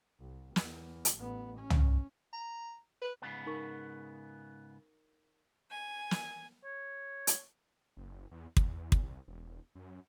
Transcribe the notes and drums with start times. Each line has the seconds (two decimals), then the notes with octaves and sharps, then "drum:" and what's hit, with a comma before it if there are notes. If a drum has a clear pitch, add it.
0.20 C2
0.56 E2, drum: snare
1.05 drum: hi-hat
1.18 A1 B3
1.58 C#4
1.70 drum: tom
2.33 A#5
3.02 B4
3.22 G#2 C#3 B3
3.46 D#4 A#4 C#6
5.70 G#5
6.11 drum: snare
6.64 C#5
7.27 drum: hi-hat
7.97 F#1
8.31 E2
8.57 E2, drum: kick
8.92 drum: kick
9.02 C2
9.28 E1
9.75 F#2